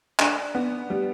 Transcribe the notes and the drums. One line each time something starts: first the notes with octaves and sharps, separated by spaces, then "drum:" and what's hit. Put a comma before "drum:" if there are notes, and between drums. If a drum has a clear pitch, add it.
D4, drum: clap
B3
G3